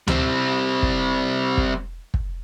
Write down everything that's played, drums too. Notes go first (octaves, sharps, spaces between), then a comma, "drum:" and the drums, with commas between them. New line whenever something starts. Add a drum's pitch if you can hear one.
G3 C4, drum: tom D2
drum: kick
drum: kick
drum: kick